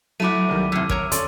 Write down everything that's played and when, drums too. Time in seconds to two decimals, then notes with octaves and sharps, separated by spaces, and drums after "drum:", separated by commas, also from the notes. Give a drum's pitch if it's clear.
0.20 F#3 A3 E4 F#4 D6 D#7
0.49 C2 D#3 G3
0.72 D#2 A2 C3 E6 F6 B6
0.90 A#4 C#5 A#5, drum: kick
1.12 D2 C#4 A4 C#5 D5 C6, drum: hi-hat